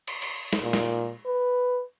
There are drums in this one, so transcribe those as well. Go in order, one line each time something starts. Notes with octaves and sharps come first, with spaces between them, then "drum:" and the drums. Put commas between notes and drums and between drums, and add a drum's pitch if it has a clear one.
drum: cymbal
drum: cymbal
drum: snare
A#2
drum: snare
B4